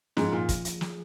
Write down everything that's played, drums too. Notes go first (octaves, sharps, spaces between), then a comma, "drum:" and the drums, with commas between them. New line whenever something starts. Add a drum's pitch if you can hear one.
G#2 F3 C#4 G#4, drum: snare
A#2
drum: kick, hi-hat
drum: hi-hat
drum: snare